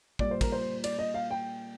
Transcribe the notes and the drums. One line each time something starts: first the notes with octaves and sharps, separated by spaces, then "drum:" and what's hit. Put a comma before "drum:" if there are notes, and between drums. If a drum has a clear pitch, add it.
A#2 G3 D5, drum: kick
C5
A#4, drum: kick, cymbal
C5
D5, drum: cymbal
D#5
F5
G5